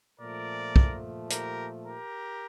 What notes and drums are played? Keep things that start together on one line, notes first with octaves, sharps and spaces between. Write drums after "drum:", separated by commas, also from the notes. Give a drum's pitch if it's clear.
A#2 F3 A3 A#4 D5
drum: kick
G4 A#4, drum: hi-hat
G4 A#4